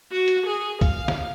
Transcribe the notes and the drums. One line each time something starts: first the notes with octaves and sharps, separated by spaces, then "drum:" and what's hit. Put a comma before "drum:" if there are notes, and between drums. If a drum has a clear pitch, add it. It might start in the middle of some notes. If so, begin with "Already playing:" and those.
F#4
drum: hi-hat
G#4
F5, drum: kick B1, hi-hat
drum: snare